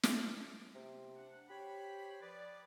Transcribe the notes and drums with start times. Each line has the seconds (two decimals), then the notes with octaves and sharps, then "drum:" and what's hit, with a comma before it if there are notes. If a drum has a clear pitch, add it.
0.03 drum: snare
0.75 C3
1.16 D4 F#5
1.49 G4 C5 C#5 B5
2.22 F3 B4 D5